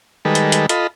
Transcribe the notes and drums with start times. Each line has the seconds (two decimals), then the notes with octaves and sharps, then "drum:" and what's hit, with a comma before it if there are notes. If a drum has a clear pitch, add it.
0.25 D#3 G3 G#3 A4 B4
0.35 drum: hi-hat
0.52 drum: hi-hat
0.69 F4 A4 D#5 B5, drum: hi-hat